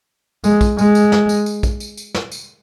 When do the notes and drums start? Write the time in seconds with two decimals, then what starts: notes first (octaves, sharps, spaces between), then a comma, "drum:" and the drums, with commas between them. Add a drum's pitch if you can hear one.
0.44 G#3, drum: tambourine
0.61 drum: kick, tambourine
0.78 G#3, drum: tambourine
0.95 drum: tambourine
1.12 drum: snare
1.29 drum: tambourine
1.46 drum: tambourine
1.63 drum: kick, tambourine
1.80 drum: tambourine
1.97 drum: tambourine
2.14 drum: snare
2.32 drum: tambourine